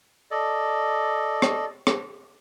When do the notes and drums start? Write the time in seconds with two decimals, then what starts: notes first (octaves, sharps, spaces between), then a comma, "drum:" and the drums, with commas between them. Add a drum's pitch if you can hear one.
0.31 A4 D5 D#5
1.42 drum: rim click
1.87 drum: rim click